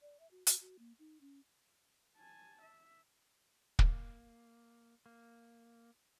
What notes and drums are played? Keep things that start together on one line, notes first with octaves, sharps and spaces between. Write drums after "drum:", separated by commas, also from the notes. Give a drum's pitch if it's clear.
D5
E5
F#4
F#4, drum: hi-hat
F#4
A#3
D#4
C#4
G#5 A5
E5
A#3, drum: kick
A#3